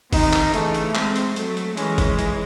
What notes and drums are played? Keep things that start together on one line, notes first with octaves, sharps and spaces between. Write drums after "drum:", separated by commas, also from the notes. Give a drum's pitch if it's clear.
C3 D#3 D#4, drum: kick, open hi-hat
drum: clap
C#3 E3 A3, drum: hi-hat
drum: hi-hat
G#3 C4, drum: clap
drum: hi-hat
F#3 A3, drum: hi-hat
drum: hi-hat
E3 G#3 C#4, drum: hi-hat
drum: kick, hi-hat
drum: hi-hat